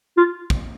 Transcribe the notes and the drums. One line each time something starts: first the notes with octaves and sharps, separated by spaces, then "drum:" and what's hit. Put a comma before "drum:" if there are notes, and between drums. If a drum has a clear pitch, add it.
F4
drum: kick